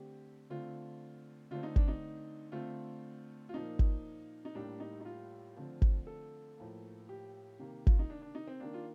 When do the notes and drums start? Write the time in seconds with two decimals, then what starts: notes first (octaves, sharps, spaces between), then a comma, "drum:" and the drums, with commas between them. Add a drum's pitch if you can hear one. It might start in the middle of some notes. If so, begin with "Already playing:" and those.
Already playing: D3 A3 C4 G4
0.50 D3 A3 C4 F4
1.51 D3 A3 C4 F4
1.63 D#4
1.76 D4, drum: kick G#1
1.88 D#4
2.52 D3 A3 C4 F4
3.49 F4
3.54 A#2 F3 A#3 D#4
3.79 drum: kick G#1
4.45 D#4
4.55 A2 G3 A#3 D4
4.80 D#4
5.00 D#4
5.05 F4
5.56 D3 F3 A3 C4
5.82 drum: kick G#1
6.07 A4
6.57 A2 F3 A#3
7.09 G4
7.59 C3 D#3 A#3
7.87 F4, drum: kick G#1
7.99 D#4
8.10 D4
8.22 D4
8.35 D#4
8.47 C4
8.60 D#3 A#3 D4
8.74 F4